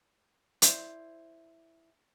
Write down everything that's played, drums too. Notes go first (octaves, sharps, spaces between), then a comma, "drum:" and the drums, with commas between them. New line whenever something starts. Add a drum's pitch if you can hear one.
E4 C5 D5, drum: hi-hat